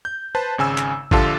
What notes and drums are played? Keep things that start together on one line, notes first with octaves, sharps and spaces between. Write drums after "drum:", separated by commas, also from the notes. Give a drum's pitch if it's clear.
G6
B4 C5 A5
G#1 C#3 G#5 E6
drum: clap
A#1 D3 F4 G4 A4 A5, drum: kick